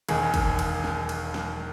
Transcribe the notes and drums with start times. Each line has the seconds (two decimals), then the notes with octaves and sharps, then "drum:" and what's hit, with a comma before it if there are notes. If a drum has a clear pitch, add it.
0.09 E1 D#2 D#3 G#4, drum: cymbal
0.34 drum: kick, cymbal
0.59 drum: cymbal
0.84 drum: snare
1.09 drum: cymbal
1.34 drum: snare